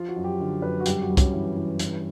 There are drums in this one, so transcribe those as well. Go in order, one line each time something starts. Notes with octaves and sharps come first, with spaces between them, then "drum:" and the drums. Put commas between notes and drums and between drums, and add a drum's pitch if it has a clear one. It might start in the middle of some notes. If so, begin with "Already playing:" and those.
Already playing: F3 F4
F#4
F#2
G4
D3
F#2 B4
F#4
G2 G4, drum: hi-hat
F#4
G2
C#4, drum: kick, hi-hat
E3
E3
G2 C#4, drum: hi-hat